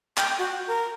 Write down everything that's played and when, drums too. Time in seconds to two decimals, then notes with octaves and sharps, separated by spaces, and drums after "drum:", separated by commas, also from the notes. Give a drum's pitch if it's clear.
0.17 G5, drum: clap
0.39 F#4
0.67 A#4